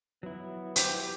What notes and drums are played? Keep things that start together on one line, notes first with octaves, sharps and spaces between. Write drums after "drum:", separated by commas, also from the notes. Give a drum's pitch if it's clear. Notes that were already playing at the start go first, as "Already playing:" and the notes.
F#3 B3 E4
G4 C5, drum: hi-hat